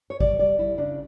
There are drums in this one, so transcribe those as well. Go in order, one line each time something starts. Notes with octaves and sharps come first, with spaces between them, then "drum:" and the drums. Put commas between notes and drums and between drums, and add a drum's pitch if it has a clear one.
C#5
G3 D5, drum: kick G#1
G3 D5
G3 E4
C#3 D4